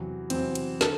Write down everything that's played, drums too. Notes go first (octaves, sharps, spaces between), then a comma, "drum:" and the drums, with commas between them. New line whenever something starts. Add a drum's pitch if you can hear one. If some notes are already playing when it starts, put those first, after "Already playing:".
Already playing: E2 C3 F#3
E2 C3 F#3 C4, drum: cymbal
drum: cymbal
D3 A4, drum: snare